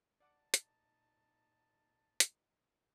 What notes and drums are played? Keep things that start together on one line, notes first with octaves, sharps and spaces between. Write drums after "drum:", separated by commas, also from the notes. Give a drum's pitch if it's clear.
A#2 D#4 D5 F#5 A5 D6
drum: hi-hat
drum: hi-hat